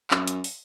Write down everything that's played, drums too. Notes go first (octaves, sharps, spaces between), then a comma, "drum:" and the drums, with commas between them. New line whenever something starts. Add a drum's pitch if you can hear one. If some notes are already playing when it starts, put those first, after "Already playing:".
F#2, drum: clap
drum: hi-hat
drum: open hi-hat